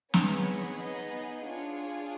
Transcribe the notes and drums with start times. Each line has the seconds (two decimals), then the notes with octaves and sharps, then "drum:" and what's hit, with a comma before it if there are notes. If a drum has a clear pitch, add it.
0.14 B3 D#4 G#4 C#5, drum: snare
0.80 D#5
1.46 D4 F4 G#4 C#5